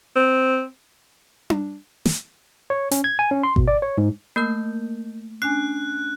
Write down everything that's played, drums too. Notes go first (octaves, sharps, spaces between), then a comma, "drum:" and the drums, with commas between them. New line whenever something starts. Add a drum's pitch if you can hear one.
C4
drum: tom D4
drum: snare
C#5
C#4, drum: hi-hat
G#6
G#5
C#4
C6
B2, drum: kick G#1
D5
C#5
G#2
A3 A#3 A#4 E6 G6
C#4 D4 G#5 F#6 C7